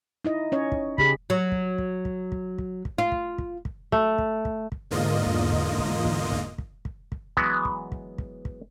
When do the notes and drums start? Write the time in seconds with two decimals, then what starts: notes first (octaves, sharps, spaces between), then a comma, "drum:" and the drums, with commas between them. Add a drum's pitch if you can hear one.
0.25 D#4 E4 D#5
0.52 C#4 C#5 D#5
0.72 drum: kick
0.98 C#3 G4 G#4 B5, drum: kick
1.30 F#3
1.52 drum: kick
1.78 drum: kick
2.05 drum: kick
2.32 drum: kick
2.58 drum: kick
2.85 drum: kick
2.98 F4
3.12 drum: kick
3.38 drum: kick
3.65 drum: kick
3.92 A3, drum: kick
4.18 drum: kick
4.45 drum: kick
4.72 drum: kick
4.91 E2 G#2 D3 A#3 F4 D#5
5.25 drum: kick
5.52 drum: kick
5.78 drum: kick
6.05 drum: kick
6.32 drum: kick
6.58 drum: kick
6.85 drum: kick
7.12 drum: kick
7.37 E3 F#3 G#3 B3, drum: kick
7.65 drum: kick
7.92 drum: kick
8.18 drum: kick
8.45 drum: kick